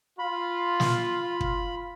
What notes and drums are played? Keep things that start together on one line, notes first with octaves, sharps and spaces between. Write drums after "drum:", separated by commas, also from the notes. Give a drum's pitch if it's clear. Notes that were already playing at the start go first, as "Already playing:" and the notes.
F4 B5
drum: snare
drum: kick